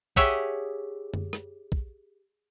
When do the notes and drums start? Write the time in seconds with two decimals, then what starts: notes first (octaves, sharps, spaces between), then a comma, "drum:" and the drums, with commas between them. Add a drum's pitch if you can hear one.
0.16 G4 G#4 C#5 D#5 E5 F#5, drum: kick
1.14 drum: tom F#2
1.33 drum: rim click
1.72 drum: kick